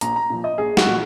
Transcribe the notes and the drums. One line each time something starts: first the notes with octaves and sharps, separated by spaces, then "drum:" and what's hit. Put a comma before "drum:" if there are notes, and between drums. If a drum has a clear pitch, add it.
A#1 A#5, drum: hi-hat
A#5
A#2 F3
D#5
A#1 G#4
F#4, drum: snare
A#2 F3